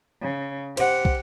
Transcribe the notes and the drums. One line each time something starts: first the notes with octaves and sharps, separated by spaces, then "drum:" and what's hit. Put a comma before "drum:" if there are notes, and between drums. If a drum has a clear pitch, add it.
C#3
G4 C5 F#5, drum: cymbal
drum: kick